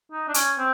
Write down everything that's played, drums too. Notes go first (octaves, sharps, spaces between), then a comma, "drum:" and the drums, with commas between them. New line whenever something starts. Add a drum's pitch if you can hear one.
D#4
D4
C#4, drum: hi-hat
C4